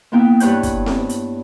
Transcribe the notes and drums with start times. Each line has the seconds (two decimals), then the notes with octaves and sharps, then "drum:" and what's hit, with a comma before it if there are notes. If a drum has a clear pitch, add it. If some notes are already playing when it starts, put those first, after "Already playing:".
0.12 A#3 B3 E4 G5
0.40 G2 B4 C#5 F#5 G6, drum: hi-hat
0.63 drum: kick, hi-hat
0.86 drum: snare C4
1.09 drum: hi-hat